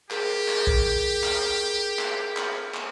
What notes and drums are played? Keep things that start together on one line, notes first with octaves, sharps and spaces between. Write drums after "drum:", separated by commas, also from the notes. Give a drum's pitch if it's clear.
G4 G#4 A#4, drum: clap
drum: clap
drum: kick A#1
drum: clap
drum: clap
drum: clap
drum: clap